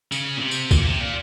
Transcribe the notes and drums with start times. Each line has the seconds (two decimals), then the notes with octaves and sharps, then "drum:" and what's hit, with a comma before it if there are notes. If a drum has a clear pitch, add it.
0.12 C#3, drum: tambourine
0.37 A#2
0.42 C3
0.51 drum: tambourine
0.71 A#2, drum: kick, tambourine
0.86 C3
1.00 A#2